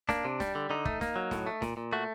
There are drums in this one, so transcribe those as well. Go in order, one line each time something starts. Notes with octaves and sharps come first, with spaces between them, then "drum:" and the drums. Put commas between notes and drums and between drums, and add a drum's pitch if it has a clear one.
A#3 D4, drum: snare
C3
G3, drum: snare
D3
D3 D#4
A3, drum: kick
A#3, drum: snare
F#3
A2, drum: snare
A3
A#2, drum: snare
A#2
A3 F#4